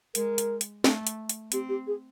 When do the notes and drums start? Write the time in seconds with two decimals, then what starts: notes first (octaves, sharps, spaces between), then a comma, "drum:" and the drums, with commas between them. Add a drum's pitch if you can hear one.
0.15 G#3 A#4, drum: hi-hat
0.38 drum: hi-hat
0.61 drum: hi-hat
0.84 A3, drum: snare
1.07 drum: hi-hat
1.29 drum: hi-hat
1.52 C4 G4, drum: hi-hat
1.69 G4
1.87 G#4